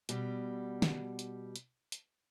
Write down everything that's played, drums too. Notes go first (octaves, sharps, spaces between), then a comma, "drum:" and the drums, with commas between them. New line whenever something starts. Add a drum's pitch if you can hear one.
B2 G3, drum: hi-hat
drum: snare
drum: hi-hat
drum: hi-hat
drum: hi-hat